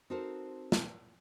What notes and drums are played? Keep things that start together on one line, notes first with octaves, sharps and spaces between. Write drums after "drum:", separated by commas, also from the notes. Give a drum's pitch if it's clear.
C4 D#4 F#4 A4 A#4 C5
drum: snare